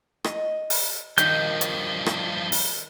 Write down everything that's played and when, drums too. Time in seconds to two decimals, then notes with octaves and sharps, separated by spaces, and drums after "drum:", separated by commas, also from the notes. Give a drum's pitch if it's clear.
0.24 D#5, drum: rim click
0.70 drum: open hi-hat
1.18 G2 D#3 F3 G6, drum: hi-hat
1.61 drum: hi-hat
2.06 drum: rim click
2.52 drum: open hi-hat